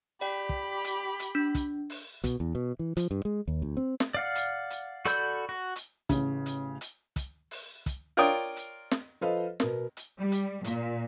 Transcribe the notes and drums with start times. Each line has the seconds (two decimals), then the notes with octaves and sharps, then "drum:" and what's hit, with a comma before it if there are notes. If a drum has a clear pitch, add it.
0.21 G4 D5 G5 B5
0.49 drum: kick
0.84 drum: hi-hat
1.20 drum: hi-hat
1.35 D4
1.55 drum: kick, hi-hat
1.90 drum: open hi-hat
2.24 B2, drum: kick, hi-hat
2.40 E2
2.55 B2
2.79 E3
2.97 F3, drum: hi-hat
3.11 G2
3.25 G#3
3.48 D#2
3.62 D2
3.77 C4
4.00 drum: snare
4.14 D5 F5 F#5
4.35 drum: hi-hat
4.70 drum: hi-hat
5.05 F#4 A4 D5 B5 G6, drum: hi-hat
5.49 F#4
5.76 drum: hi-hat
6.09 A1 C#3, drum: kick, hi-hat
6.46 drum: hi-hat
6.81 drum: hi-hat
7.16 drum: kick, hi-hat
7.51 drum: open hi-hat
7.86 drum: kick, hi-hat
8.17 F4 A#4 C#5 D5 G5 D#6
8.56 drum: hi-hat
8.91 drum: snare
9.21 F3 A4 B4 C5 D#5 F5
9.60 B2 B3 A#4, drum: snare
9.97 drum: hi-hat
10.20 G3
10.32 drum: hi-hat
10.64 A#2, drum: hi-hat